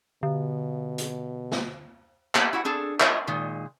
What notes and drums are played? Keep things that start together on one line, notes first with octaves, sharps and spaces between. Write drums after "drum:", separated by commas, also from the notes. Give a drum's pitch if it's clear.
B2 D3
drum: hi-hat
drum: snare
A#3 B3 G4, drum: clap
E4 F#4 F#5
C4 D4 G#4 A4
F4 C#5 D#5 E5, drum: clap
A#2 D#3 G#3